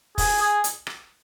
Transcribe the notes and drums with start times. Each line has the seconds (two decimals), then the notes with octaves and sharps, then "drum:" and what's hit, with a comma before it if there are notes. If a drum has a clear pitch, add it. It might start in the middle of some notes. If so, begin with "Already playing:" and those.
0.18 G#4, drum: kick, open hi-hat
0.41 G#4
0.64 drum: hi-hat
0.87 drum: rim click